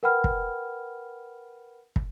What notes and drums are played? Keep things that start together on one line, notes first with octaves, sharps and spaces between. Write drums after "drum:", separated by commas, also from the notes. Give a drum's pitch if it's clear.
A#4 B4 F#5 G5 B5 F6
drum: kick
drum: kick